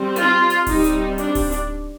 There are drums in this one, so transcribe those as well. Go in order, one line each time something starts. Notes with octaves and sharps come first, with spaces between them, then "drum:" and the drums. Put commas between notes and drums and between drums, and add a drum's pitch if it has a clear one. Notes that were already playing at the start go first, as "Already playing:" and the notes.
Already playing: G3 C4
F4, drum: hi-hat
drum: hi-hat
G3 C4 D#4, drum: kick D1, open hi-hat
drum: hi-hat
D4, drum: hi-hat
drum: kick D1, open hi-hat
drum: hi-hat